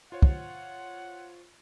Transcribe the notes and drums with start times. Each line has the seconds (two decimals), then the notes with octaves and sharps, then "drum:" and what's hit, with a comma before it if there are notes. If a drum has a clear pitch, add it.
0.12 F4 C5 C#5 F#5
0.22 drum: kick